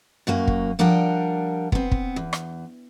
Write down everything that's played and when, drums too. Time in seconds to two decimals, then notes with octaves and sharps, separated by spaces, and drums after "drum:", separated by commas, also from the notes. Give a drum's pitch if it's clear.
0.27 F#2 F#3 A#3 G#5
0.47 drum: kick
0.79 F3 G3 D4 A#4 F#5 G5
1.72 B3 C4, drum: kick
1.91 drum: kick
2.16 E2
2.33 drum: rim click